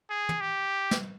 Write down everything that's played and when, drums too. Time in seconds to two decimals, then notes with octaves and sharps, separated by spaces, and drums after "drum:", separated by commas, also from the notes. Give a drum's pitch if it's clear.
0.10 G#4
0.29 drum: tom
0.41 G4
0.91 drum: snare